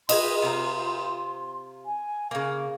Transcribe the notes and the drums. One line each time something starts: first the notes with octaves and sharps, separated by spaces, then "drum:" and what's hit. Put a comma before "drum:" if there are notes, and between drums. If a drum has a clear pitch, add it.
G#4 B4 D#5 C6, drum: cymbal
C3 F4 A#5
G#5
C#3 A#3 F5